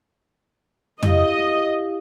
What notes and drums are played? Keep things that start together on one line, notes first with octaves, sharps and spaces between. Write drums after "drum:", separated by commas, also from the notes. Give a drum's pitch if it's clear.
E4 G4 D#5 F5, drum: tom